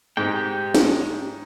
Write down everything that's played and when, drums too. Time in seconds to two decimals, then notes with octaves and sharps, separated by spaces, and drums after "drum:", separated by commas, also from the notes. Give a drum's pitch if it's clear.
0.17 G#2 G4 G5
0.75 drum: snare